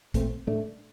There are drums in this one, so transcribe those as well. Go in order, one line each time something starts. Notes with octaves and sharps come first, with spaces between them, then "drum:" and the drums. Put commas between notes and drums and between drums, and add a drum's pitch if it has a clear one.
A#2 A3 C4, drum: kick, hi-hat
A2 A3 D4